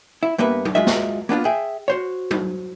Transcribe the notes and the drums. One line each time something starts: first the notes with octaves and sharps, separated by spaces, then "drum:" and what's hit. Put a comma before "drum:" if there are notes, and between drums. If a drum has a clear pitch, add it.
E4
G2 A#3 B3 B4 E5
drum: tom
G#3 F4 F#4 D#5 E5
drum: snare
A#3 B3 D4 F4
G#4 E5 G5
F#4 C5 C#5
drum: tom